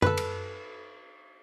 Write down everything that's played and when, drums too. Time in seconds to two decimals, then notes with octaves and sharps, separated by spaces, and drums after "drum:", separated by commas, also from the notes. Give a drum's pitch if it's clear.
0.02 A4 B4, drum: tom F#2
0.17 drum: cymbal